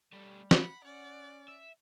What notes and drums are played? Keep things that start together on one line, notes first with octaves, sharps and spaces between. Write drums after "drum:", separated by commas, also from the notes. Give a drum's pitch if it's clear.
G3 A3 G4
F#5 B5, drum: snare
C#4 D5
E5